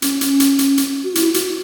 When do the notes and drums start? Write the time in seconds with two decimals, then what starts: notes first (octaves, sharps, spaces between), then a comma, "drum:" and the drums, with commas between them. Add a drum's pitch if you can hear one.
0.02 C#4, drum: hi-hat
0.21 drum: hi-hat
0.40 drum: hi-hat
0.59 drum: hi-hat
0.78 drum: hi-hat
1.04 F#4
1.15 E4, drum: hi-hat
1.34 F#4, drum: hi-hat